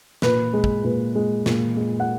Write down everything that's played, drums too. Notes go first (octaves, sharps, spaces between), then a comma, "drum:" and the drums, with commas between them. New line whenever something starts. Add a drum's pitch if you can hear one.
A#2 B4, drum: snare
G#3
drum: kick
A#2 B4
G#3
A#2, drum: snare
G#3
F#5